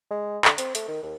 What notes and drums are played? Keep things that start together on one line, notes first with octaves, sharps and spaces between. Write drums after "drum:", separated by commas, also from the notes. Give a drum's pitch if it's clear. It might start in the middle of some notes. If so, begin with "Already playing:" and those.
G#3
D3, drum: clap
C4, drum: hi-hat
A3, drum: hi-hat
D#3
D#2